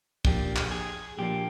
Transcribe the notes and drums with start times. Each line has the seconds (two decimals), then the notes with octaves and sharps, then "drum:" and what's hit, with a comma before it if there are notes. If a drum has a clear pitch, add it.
0.25 A#2 F3 A#3 D4 G4, drum: kick
0.56 drum: clap
0.71 G#4
1.18 A#2 F3 A#3 D4 G4